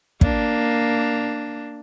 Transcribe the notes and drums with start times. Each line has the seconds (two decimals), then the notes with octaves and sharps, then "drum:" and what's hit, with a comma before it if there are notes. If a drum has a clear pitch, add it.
0.21 A#3 D4, drum: kick